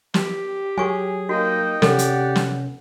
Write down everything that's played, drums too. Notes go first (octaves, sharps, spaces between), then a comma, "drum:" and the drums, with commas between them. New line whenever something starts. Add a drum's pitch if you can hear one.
G4, drum: snare
F#3 G#4 G#5 C#6
A#3 D#4 F#4 D#5 G5
C3 C#4 G4 A4 D5 F#5, drum: snare
drum: hi-hat
drum: snare